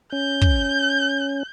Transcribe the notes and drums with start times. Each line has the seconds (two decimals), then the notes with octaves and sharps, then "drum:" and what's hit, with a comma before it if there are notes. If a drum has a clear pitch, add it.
0.13 C#4 G6
0.41 drum: kick